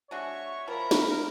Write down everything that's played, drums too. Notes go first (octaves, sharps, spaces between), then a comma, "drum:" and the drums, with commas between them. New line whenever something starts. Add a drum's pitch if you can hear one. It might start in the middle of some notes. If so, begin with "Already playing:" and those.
G#3 D4 F#4 C#5 E5 C#6
F3 G3 A#4 E5 B5
drum: snare